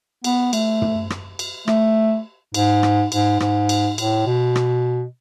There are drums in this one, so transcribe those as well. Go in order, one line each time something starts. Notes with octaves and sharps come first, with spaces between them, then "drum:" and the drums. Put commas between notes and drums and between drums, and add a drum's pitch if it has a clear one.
B3, drum: cymbal
A3, drum: cymbal
drum: tom
drum: rim click
drum: cymbal
A3, drum: rim click
G#2, drum: cymbal
drum: rim click
G#2, drum: cymbal
G#2, drum: rim click
drum: cymbal
A2, drum: cymbal
B2
drum: rim click